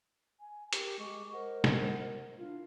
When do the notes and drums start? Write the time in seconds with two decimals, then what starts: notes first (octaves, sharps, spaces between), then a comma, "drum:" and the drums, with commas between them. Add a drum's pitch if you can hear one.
0.40 G#5
0.73 G4 A#4, drum: hi-hat
0.99 G#3 C#6 D6
1.32 A#4 C5 D#5 F#5
1.64 drum: snare
2.38 D4 E4 F4